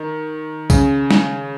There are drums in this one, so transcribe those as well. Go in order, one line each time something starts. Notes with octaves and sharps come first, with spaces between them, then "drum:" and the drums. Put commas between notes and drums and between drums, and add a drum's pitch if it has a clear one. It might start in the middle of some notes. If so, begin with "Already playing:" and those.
Already playing: D#3
C#3, drum: kick, tambourine
drum: snare